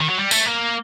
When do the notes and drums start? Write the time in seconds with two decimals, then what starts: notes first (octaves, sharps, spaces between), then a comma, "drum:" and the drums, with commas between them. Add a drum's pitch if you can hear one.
0.01 D#3
0.10 F#3
0.18 G3
0.31 A3, drum: tambourine
0.46 A#3